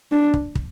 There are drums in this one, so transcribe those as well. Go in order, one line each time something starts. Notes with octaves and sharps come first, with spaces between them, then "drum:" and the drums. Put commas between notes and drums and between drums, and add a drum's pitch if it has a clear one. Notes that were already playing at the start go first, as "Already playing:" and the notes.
D4
drum: kick
drum: kick